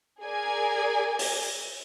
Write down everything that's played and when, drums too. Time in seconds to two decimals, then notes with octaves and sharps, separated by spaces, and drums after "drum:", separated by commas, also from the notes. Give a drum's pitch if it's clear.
0.22 G#4 A#4 D5 G#5
1.19 drum: open hi-hat